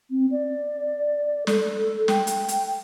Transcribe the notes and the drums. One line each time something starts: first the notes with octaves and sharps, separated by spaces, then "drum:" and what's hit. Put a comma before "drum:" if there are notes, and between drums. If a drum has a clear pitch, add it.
C4
D5
A4, drum: snare
G5, drum: snare
drum: hi-hat
drum: hi-hat